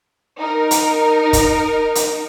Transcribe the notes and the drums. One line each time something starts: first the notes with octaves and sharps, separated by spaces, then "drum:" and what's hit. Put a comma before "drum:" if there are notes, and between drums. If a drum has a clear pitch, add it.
D#4 A#4
drum: hi-hat
drum: kick, hi-hat
drum: hi-hat